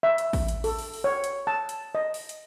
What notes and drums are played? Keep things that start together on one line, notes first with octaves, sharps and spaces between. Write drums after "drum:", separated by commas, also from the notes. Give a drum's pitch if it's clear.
E5
drum: hi-hat
drum: kick, open hi-hat
drum: hi-hat
A4, drum: open hi-hat
drum: open hi-hat
drum: open hi-hat
C#5
drum: hi-hat
A5
drum: hi-hat
D#5
drum: open hi-hat
drum: hi-hat